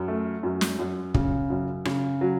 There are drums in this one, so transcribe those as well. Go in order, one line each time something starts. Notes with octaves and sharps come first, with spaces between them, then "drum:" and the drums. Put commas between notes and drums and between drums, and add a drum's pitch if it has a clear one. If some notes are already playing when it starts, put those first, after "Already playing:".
Already playing: F#2
A3
F#2
drum: snare
F#2
C#3, drum: kick
F#2
C#3, drum: rim click
F#3